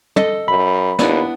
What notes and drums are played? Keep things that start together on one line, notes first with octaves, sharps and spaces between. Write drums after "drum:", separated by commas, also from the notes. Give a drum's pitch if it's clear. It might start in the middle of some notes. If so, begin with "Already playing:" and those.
A4 D#5, drum: tom
F#2 B5
D#2 B3 D4 E4, drum: snare